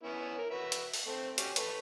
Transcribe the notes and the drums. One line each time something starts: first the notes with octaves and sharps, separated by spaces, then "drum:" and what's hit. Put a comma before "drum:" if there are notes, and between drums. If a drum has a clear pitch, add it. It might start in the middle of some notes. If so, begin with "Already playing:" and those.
B3 C#4 E4
A#4
F#4 B4 E5
drum: hi-hat
drum: open hi-hat
A3 C4
C#4 F#4 G4, drum: hi-hat
A3 B4 C#5, drum: hi-hat